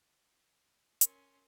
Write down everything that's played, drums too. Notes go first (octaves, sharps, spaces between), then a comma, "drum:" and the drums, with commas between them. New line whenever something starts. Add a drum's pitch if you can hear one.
C#4 A#4 C6, drum: hi-hat